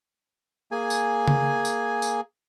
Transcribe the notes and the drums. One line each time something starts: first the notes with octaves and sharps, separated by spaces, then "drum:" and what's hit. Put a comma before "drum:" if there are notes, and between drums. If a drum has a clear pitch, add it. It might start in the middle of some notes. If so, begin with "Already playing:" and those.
A#3 G#4 G#5
drum: tambourine
drum: tom C#3
drum: tambourine
drum: tambourine